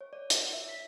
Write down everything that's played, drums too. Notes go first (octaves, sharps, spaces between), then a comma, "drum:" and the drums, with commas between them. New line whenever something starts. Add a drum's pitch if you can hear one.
C#5
D5
D5, drum: hi-hat
E5
B6